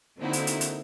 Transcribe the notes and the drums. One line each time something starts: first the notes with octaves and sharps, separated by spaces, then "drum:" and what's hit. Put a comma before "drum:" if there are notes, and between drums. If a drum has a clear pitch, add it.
D3 A#3 C4 D#4 E4 F#4
drum: hi-hat
drum: hi-hat
drum: hi-hat